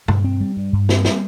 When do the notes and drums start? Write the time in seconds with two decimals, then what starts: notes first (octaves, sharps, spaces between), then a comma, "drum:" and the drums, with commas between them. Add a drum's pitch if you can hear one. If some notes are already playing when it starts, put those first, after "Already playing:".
0.08 G2, drum: tom
0.24 C4
0.40 G3
0.57 G2
0.73 G2
0.89 C4, drum: snare
1.05 G3, drum: snare